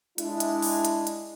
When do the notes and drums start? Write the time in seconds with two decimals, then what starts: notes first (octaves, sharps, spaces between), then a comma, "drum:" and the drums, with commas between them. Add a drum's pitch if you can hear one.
0.18 G#3 D4 E4, drum: hi-hat
0.40 drum: hi-hat
0.62 drum: open hi-hat
0.85 drum: hi-hat
1.07 drum: hi-hat